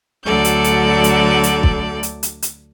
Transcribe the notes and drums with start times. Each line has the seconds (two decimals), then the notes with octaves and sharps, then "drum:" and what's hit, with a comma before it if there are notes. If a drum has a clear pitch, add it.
0.25 D2 D3 F#3 A4 D5 G6
0.44 drum: hi-hat
0.64 drum: hi-hat
1.04 drum: hi-hat
1.43 drum: hi-hat
1.63 drum: kick
2.03 drum: hi-hat
2.23 drum: hi-hat
2.42 drum: hi-hat